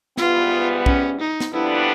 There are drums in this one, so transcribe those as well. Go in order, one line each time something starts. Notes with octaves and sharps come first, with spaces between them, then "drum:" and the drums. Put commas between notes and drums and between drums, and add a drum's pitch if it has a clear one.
G#2 E3 G3 B3 F4, drum: snare
C#4, drum: kick
D#4
drum: snare
F2 D3 G3 B3 D4 E4